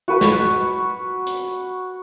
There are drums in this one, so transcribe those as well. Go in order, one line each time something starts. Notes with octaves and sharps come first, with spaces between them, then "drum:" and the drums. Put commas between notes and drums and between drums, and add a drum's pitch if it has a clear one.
F#4 B4
drum: snare
drum: hi-hat